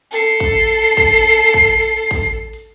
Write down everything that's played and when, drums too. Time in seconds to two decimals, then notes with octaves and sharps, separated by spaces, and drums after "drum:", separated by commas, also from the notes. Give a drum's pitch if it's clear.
0.12 A4 C7, drum: hi-hat
0.26 drum: hi-hat
0.40 drum: kick, hi-hat
0.55 drum: hi-hat
0.69 drum: hi-hat
0.83 drum: hi-hat
0.97 drum: kick, hi-hat
1.11 drum: hi-hat
1.26 drum: hi-hat
1.40 drum: hi-hat
1.54 drum: kick, hi-hat
1.68 drum: hi-hat
1.82 drum: hi-hat
1.97 drum: hi-hat
2.11 drum: kick, hi-hat
2.25 drum: hi-hat
2.53 drum: hi-hat